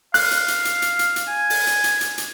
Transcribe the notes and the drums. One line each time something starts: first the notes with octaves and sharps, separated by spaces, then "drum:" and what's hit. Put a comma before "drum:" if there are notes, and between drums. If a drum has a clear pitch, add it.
F5 F#6, drum: open hi-hat
drum: hi-hat
drum: hi-hat
drum: hi-hat
drum: hi-hat
drum: hi-hat
drum: hi-hat
G#5
drum: open hi-hat
drum: hi-hat
drum: hi-hat
drum: hi-hat
drum: hi-hat